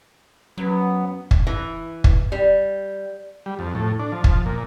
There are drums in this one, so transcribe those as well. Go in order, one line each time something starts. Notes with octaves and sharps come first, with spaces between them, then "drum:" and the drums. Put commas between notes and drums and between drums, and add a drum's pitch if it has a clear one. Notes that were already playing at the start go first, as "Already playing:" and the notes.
F#2 F#3 B3
drum: kick
E3
drum: kick
G3
G3
F2
A2
D4
F3
drum: kick
A#2